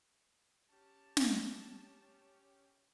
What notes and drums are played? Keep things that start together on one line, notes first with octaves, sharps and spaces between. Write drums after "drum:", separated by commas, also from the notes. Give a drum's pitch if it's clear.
C#4 G4 A5
drum: snare